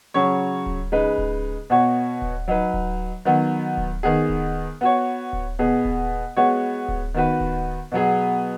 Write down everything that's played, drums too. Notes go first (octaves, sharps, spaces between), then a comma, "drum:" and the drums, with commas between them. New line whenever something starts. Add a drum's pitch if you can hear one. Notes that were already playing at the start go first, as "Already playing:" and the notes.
C#3 F#3 C#4 F#4 C#5
drum: kick D1
C#3 G#3 D#4 B4
drum: kick D1
B2 B3 F#4 C#5
drum: kick D1
F#3 D#4 B4
drum: kick D1
D#3 F#3 B3
drum: kick D1
D#3 B3 G#4
drum: kick D1
B3 F#4 C#5
drum: kick D1
B2 B3 G#4
drum: kick D1
G#3 B3 F#4 C#5
drum: kick D1
D#3 B3 F#4 B4
drum: kick D1
B2 F#3 B3 G#4